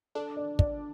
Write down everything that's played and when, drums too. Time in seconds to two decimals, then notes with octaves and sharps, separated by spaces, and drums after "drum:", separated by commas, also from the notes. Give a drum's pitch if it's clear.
0.15 D4 A4
0.37 D5
0.59 D5, drum: kick